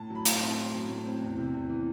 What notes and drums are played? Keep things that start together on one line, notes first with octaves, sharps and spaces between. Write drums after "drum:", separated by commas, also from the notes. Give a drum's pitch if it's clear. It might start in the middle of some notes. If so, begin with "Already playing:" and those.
Already playing: A2 A5
F#3 B5
A2, drum: hi-hat
C6
C4
A2
F#3
A2
C4
E2
C3
E2
E3